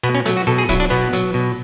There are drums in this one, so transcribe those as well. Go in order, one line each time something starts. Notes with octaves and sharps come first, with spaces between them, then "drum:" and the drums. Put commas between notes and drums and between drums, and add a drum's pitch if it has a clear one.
B2 B3
C#4
F#3 A3, drum: hi-hat
F#4
B2 A4
G#4
F#3 E4, drum: kick D1, hi-hat
D4
B2 B3
F#3, drum: hi-hat
B2